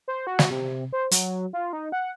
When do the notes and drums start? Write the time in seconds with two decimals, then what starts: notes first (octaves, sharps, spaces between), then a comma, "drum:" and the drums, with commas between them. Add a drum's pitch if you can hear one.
0.08 C5
0.27 F#4
0.39 drum: snare
0.51 C3
0.93 C5
1.11 F#3, drum: hi-hat
1.53 F4
1.73 D#4
1.92 F#5